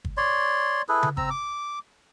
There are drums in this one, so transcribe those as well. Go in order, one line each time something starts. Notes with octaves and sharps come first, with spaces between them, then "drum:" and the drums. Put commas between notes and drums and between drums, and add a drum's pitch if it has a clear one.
drum: kick G1
C#5 D5 C6
E4 G#4 A4 B4
drum: tom C#3
C4 A#5 E6, drum: kick G1
D6